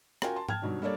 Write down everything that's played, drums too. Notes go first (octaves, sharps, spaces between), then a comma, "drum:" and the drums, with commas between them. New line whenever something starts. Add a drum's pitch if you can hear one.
C#4 F4 F#4 A#4 G5 G#5, drum: rim click
A5 C6
G5 A5 F6 G#6, drum: tom G#2
G2 B2 D#3 F#3
G3 A#3 D4 A4 C#5 D5